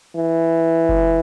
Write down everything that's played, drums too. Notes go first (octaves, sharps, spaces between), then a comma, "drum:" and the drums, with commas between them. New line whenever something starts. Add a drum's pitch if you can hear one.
E3
drum: kick F#1